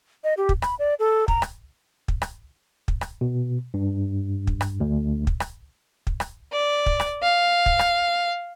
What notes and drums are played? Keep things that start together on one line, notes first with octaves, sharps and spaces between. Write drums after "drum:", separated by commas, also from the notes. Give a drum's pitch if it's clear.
D#5
G4
drum: kick
B5, drum: rim click
D5
A4
A#5, drum: kick
drum: rim click
drum: kick
drum: rim click
drum: kick
drum: rim click
B2
G2
drum: kick
drum: rim click
D2
drum: kick
drum: rim click
drum: kick
drum: rim click
D5
drum: kick
drum: rim click
F5
drum: kick
drum: rim click